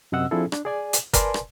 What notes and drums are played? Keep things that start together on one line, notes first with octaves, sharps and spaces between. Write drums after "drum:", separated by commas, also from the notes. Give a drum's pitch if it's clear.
F#2 C3 C4 D#5 F#5 E6
F3 C4 D4 E4 G#4 A4
D4, drum: rim click
G#4 D5 G#5
drum: hi-hat
A#4 B4 D5 G#5 A5 C6, drum: kick F#1, hi-hat
drum: rim click